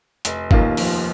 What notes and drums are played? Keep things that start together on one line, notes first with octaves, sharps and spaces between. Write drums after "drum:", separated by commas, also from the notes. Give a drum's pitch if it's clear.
F1, drum: hi-hat
D#2 D#3 A#3 F4, drum: kick
F1 F3, drum: open hi-hat